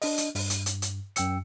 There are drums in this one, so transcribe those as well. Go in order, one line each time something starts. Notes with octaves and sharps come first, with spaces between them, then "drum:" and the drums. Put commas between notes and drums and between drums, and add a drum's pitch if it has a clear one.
D4 D#5, drum: open hi-hat
drum: hi-hat
G2, drum: open hi-hat
drum: hi-hat
drum: hi-hat
drum: hi-hat
F#2 G5 E6 C#7, drum: hi-hat